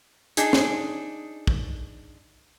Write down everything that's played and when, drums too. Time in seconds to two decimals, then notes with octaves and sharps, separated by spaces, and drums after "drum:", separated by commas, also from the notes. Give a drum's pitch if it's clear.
0.37 D4 D#4 G#4, drum: hi-hat
0.53 drum: snare
1.47 drum: kick